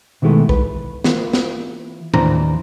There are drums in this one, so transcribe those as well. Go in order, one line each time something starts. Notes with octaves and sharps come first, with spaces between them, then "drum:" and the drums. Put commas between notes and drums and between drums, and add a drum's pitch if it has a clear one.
B2 D#3 E3 G#3 A3 B3
B4, drum: kick
E3 A#3 F4, drum: snare
drum: snare
D#2 E3 D4 C5 A#5, drum: tom A2